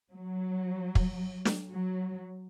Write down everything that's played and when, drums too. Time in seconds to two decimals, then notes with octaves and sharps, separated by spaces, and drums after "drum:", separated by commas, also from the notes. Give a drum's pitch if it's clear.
0.13 F#3
0.95 drum: kick
1.45 drum: snare
1.70 F#3